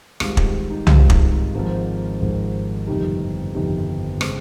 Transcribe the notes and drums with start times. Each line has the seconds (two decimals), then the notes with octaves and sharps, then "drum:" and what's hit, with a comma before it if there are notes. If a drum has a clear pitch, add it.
0.20 G#1 G#2 G3 F4, drum: rim click
0.37 D#4 G4, drum: kick
0.71 D#4
0.87 G#1 G#2 G3 F4, drum: tom C2
1.10 D#4 G4, drum: kick
1.32 D#4
1.54 G#1 G#2 F3 D#4
2.21 G#1 G#2 F3
2.87 G1 F2 C3 D#3 G3 D#4
3.55 G1 F2 C3 D#3 G3 D#4
4.21 C#3 G#3 C4, drum: rim click